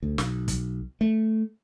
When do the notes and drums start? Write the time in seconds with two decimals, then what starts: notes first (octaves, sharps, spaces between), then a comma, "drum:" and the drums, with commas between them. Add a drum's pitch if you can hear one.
0.03 D2
0.18 B1, drum: snare
0.48 drum: kick, hi-hat
1.01 A3